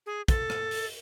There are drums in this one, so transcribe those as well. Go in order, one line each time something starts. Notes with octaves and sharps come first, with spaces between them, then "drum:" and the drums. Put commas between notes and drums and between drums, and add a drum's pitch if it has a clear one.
G#4
A4, drum: kick, hi-hat
drum: rim click
drum: open hi-hat